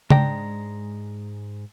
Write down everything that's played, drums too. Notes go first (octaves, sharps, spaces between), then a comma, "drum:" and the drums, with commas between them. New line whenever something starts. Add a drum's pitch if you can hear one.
G#2 G#3 D4 G5 A#5, drum: tom C#3